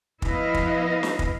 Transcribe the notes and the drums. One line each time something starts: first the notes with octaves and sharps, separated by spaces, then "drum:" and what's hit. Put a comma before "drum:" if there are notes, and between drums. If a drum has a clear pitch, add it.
F3 B3 E4 B4 D#5 F5, drum: kick
drum: kick
drum: snare
drum: kick